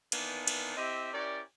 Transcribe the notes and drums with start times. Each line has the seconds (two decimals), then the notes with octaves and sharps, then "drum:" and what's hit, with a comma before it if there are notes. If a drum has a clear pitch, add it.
0.12 D#3 E3 A#3 B3 D4 D#4, drum: cymbal
0.48 drum: cymbal
0.77 C4 E4 G4 D#5 E5
1.13 C#4 E4 G4 A#4 D5